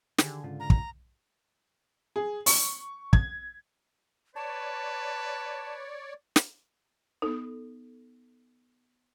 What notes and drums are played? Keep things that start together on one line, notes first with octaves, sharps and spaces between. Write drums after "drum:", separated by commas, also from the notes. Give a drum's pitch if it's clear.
D3 D#3 G4 G#4, drum: snare
G#2 C#3 F4
A#5
drum: kick
G#4
C#6, drum: open hi-hat
G#6, drum: kick
B4 C#5 D5 A5
drum: snare
B3 D#4 A4